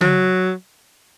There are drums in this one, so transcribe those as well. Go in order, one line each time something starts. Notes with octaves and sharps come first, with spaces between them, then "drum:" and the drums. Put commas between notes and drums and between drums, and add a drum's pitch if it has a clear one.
F#3, drum: tom